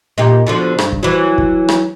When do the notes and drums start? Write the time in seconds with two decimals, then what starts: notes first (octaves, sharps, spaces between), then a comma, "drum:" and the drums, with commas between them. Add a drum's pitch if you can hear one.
0.18 A#2 D#4 G4
0.47 B2 D3 F3
0.78 G2, drum: rim click
0.92 drum: kick
1.03 E3 F#3
1.38 drum: kick
1.69 drum: rim click